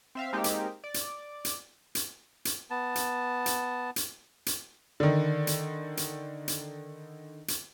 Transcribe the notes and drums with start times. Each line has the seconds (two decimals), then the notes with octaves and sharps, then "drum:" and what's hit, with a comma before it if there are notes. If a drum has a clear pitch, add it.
0.15 C4 E5 F5
0.33 G#3 A#3 C4 D#4 G4
0.44 drum: hi-hat
0.84 D5
0.94 drum: hi-hat
1.45 drum: hi-hat
1.95 drum: hi-hat
2.45 drum: hi-hat
2.70 B3 A5
2.95 drum: hi-hat
3.46 drum: hi-hat
3.96 drum: hi-hat
4.46 drum: hi-hat
5.00 D3 D#3
5.47 drum: hi-hat
5.97 drum: hi-hat
6.48 drum: hi-hat
7.48 drum: hi-hat